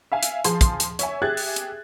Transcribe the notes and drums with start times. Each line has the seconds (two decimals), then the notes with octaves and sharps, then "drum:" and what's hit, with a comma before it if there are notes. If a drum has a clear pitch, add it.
0.12 E5 F5 G#5
0.23 drum: hi-hat
0.44 F3 G#4 C6, drum: hi-hat
0.61 drum: kick, hi-hat
0.80 drum: hi-hat
0.99 C#5 E5 G#5, drum: hi-hat
1.22 G4 G#4 E5 F#6 G#6 A6
1.37 drum: open hi-hat
1.56 drum: hi-hat